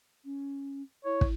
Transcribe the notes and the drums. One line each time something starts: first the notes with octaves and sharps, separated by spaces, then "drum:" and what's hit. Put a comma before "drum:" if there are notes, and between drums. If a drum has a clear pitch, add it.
C#4
E4 C#5
drum: kick